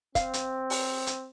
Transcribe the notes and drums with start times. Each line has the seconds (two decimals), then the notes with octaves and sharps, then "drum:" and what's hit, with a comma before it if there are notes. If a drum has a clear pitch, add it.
0.15 C4 F5, drum: kick, hi-hat
0.34 drum: hi-hat
0.70 drum: open hi-hat
1.07 drum: hi-hat